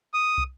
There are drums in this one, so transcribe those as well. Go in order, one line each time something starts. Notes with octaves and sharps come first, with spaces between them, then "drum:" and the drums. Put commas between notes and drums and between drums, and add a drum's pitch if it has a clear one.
D#6
drum: kick